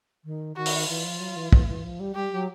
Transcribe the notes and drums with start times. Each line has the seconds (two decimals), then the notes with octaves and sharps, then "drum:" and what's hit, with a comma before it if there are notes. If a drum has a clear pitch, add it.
0.25 D#3
0.56 D#3 F#4
0.66 drum: open hi-hat
0.89 E3 F4
1.04 F3
1.20 F#3
1.36 E3
1.53 E3, drum: kick
1.68 E3
1.84 F3
2.00 G3
2.15 G3 G4
2.32 F#3